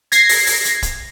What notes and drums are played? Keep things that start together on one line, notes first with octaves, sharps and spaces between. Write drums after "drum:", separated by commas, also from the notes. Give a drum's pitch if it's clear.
G#6 A#6 C7, drum: hi-hat
drum: open hi-hat
drum: open hi-hat
drum: hi-hat
drum: kick, hi-hat